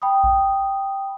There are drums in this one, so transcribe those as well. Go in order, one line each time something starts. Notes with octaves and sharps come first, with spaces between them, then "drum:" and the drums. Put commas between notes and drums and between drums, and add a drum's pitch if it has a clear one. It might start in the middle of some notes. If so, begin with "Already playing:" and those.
G5 B5 D#6
drum: kick A#1